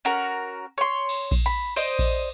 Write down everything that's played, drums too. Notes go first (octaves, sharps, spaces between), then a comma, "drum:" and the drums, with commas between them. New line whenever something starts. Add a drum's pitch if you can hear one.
C#4 F#4 A#4
C#5 C6
drum: cymbal
drum: kick A#1, cymbal
B5
C5 D5 D#5, drum: cymbal
drum: kick A#1, cymbal